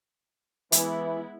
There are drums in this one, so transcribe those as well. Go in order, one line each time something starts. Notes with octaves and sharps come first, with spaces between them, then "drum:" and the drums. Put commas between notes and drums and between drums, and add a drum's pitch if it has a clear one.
E3 G#3 B3 E4, drum: hi-hat